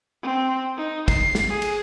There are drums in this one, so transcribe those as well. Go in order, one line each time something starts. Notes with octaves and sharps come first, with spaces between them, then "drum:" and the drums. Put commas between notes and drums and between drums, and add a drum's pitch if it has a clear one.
C4
D#4
C7, drum: kick, cymbal
drum: snare
G#4
drum: cymbal